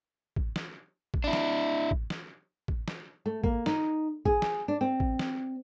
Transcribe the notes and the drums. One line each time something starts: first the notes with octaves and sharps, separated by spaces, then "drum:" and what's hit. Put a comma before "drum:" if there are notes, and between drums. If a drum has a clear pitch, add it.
drum: kick
drum: snare
drum: kick
D4 E4
drum: snare
drum: kick
drum: snare
drum: kick
drum: snare
A3
A#3, drum: kick
D#4, drum: snare
G#4, drum: kick
drum: snare
D4
C4
drum: kick
drum: snare